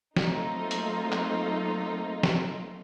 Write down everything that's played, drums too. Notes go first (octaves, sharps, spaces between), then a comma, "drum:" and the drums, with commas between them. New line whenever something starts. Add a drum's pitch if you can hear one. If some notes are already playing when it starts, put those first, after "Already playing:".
F#3 A3 A#3 C4 D#4 F4, drum: snare
drum: hi-hat
drum: clap
drum: snare